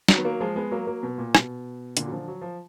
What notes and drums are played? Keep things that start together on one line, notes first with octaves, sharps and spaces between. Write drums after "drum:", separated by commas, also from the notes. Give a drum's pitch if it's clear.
D#3 F#3, drum: snare
B3
F#3 A#3
F3 G#3
G#3 B3
F#3 A#3
F#3 A#3
B2
A#2
B2, drum: rim click
A#2 D3, drum: hi-hat
F#3
D3 F3
F#3
F3